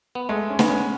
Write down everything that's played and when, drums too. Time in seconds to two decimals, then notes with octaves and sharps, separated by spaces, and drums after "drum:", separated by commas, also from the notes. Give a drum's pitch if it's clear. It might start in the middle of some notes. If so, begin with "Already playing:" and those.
0.15 B3
0.29 G#3 A3
0.50 C#4
0.59 B3, drum: snare
0.69 C#4